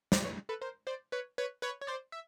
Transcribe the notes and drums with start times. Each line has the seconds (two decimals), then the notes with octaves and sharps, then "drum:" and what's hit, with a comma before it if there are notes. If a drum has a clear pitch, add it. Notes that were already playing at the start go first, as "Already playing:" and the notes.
0.12 C5 D5, drum: snare
0.24 B4 C#5
0.49 A4 B4
0.62 A#4 C5
0.87 C5 D5
1.12 B4 C#5
1.38 B4 C#5
1.62 B4 C#5
1.81 C#5
1.87 C5 D5
2.12 E5